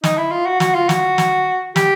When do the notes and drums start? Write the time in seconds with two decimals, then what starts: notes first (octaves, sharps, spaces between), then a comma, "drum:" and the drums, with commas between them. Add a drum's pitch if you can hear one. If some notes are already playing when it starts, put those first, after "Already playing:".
0.04 D#4, drum: snare
0.17 E4
0.31 F4
0.46 F#4
0.60 F#4, drum: snare
0.75 F4
0.89 F#4, drum: snare
1.18 drum: snare
1.76 G4, drum: snare